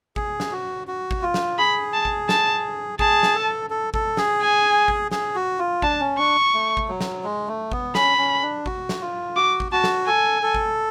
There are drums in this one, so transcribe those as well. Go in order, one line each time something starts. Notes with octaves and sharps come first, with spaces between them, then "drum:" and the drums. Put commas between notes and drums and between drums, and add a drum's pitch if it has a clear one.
G#4, drum: kick G#1
drum: snare
F#4
F#4
drum: kick G#1
F4
drum: snare
G#4 B5
A5
drum: kick G#1
A5, drum: snare
G#4 A5, drum: kick G#1
drum: snare
A4
A4
A4, drum: kick G#1
G#4, drum: snare
G#5
drum: kick G#1
G#4, drum: snare
F#4
F4
D4 A5, drum: kick G#1
C#4
D4 C#6
A3
drum: kick G#1
F#3
drum: snare
G#3
A3
B3, drum: kick G#1
C#4 B5, drum: snare
C#4
D4
F#4, drum: kick G#1
drum: snare
F4
F#4 D6
drum: kick G#1
F#4 A5
drum: snare
A4 G#5
A4
drum: kick G#1